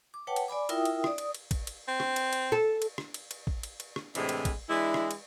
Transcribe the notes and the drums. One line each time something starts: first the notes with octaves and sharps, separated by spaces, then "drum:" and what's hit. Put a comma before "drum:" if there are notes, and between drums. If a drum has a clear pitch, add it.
D6
B4 C#5 F#5 G5 A5
drum: cymbal
D5 G#5 B5 D6
E4 F4 A#4 E5 G5 D#6, drum: cymbal
drum: cymbal
D5 D#6, drum: rim click
drum: cymbal
drum: cymbal
drum: kick A1, cymbal
drum: cymbal
C4
drum: rim click
drum: cymbal
drum: cymbal
A4
drum: cymbal
drum: rim click
drum: cymbal
drum: cymbal
drum: kick A1
drum: cymbal
drum: cymbal
drum: rim click
A2 C3 E3 G#3 C4 D4, drum: cymbal
drum: cymbal
drum: kick A1, cymbal
E3 G#3 D4 E4
drum: rim click
drum: cymbal